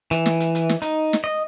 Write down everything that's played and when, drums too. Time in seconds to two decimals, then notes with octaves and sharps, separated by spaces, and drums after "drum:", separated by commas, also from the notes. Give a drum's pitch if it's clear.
0.11 E3, drum: hi-hat
0.26 drum: snare
0.40 drum: hi-hat
0.55 drum: hi-hat
0.69 drum: snare
0.82 D#4, drum: hi-hat
1.13 drum: snare
1.24 D#5